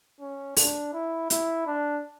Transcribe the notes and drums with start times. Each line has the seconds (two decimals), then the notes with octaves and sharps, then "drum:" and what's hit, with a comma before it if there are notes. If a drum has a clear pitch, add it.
0.21 C#4
0.57 D4, drum: open hi-hat
0.93 E4
1.30 E4, drum: hi-hat
1.67 D4